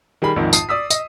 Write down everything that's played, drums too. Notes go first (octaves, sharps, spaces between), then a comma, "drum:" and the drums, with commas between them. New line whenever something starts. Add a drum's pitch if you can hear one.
D#3 G3 G#4 B5
A#1 F2 G#2 D#3
A5 D#6 C7, drum: tambourine
D5 D#6 E6 B6
D#5, drum: tambourine